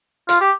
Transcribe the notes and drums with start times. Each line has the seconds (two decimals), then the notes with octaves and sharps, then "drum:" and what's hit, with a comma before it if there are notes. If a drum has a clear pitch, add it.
0.29 F4, drum: hi-hat
0.41 G4